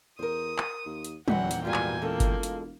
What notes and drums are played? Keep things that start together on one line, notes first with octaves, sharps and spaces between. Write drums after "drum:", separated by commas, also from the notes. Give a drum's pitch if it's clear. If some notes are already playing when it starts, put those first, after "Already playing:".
E2 A#4 C5 D#6
drum: clap
D#2
drum: hi-hat
D#1 E2 A#2 D3 E3 F#3 F#5 G5, drum: tom F#3
drum: hi-hat
G#2 B2 D#3 G3 F4 G#5
drum: clap
E1 G#3 A#3 F4 A4
drum: kick G1, hi-hat
drum: hi-hat